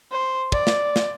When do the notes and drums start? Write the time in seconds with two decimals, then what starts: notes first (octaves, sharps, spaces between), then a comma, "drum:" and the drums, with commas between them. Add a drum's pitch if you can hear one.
0.11 C5
0.52 D5, drum: kick
0.67 drum: snare
0.96 drum: snare